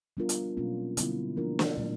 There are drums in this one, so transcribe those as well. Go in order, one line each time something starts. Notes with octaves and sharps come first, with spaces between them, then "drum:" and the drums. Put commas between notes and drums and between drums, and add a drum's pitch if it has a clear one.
G3 B3 D4 F4 A#4
drum: hi-hat
B2 F#3 A#3 C#4 F4
D3 G3 B3 E4, drum: hi-hat
F3 A#3 D4 F4 A#4
drum: snare
A#2 F#3 A3 D4